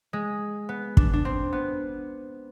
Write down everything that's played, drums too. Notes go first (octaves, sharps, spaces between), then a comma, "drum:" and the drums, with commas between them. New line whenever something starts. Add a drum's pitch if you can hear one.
G#3
B3
D4, drum: kick
D4
C4
B3